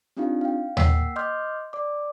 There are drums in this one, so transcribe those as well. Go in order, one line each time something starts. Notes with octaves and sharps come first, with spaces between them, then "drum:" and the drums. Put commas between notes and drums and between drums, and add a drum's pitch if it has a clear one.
C4 D4 D#4 F4 G4 F5
F5 G5
A#3 F#5 G5 E6 B6 C7, drum: tom D#2
D#5 C6 D6 F6 G6
D5 D6